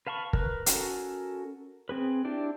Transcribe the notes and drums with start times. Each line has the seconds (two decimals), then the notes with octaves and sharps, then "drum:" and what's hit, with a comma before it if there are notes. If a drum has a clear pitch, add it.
0.07 B4 F5 A5 B5 C#6
0.33 A#4 B4, drum: kick
0.66 C#4 F#4 A4 A#4, drum: hi-hat
1.89 C4 G#4 B4
2.25 D4 E4 G4 D5